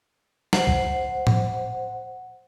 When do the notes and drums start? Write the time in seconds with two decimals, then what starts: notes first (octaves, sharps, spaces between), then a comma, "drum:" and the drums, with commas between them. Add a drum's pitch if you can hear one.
0.53 C5 F#5, drum: snare
0.67 drum: kick C2
1.27 drum: tom A2